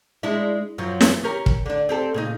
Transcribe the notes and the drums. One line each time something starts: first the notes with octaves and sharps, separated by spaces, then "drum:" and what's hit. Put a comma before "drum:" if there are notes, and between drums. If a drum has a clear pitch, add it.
G#3 D4 E4
F#2 F3 F#3
drum: snare
C#4 G4 A#4
drum: kick
D3 D4
C4 G4 A4
A#2 C#3 D#4